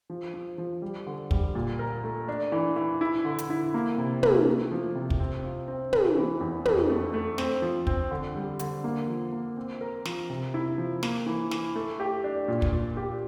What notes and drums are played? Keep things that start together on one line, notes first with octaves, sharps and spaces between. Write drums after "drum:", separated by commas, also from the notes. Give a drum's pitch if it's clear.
F3
F3
F3
G3
D3
G3, drum: kick
A#2
A#4
A3
D4
E3
E3
E4
D3
drum: hi-hat
E4
A#3
C3
A#3, drum: tom
A3
F3
C3
drum: kick
C4
F4
C4
C4, drum: tom
E3
E2
F2, drum: tom
A3
A3
C4, drum: snare
F3
C4, drum: kick
D3
G3
D3, drum: hi-hat
A#3
F3
A#3
C4
A#4
F3, drum: snare
C3
E4
F3
A#3, drum: snare
E3
E3, drum: snare
A3
G4
D4
A#2
drum: kick
A#2
G4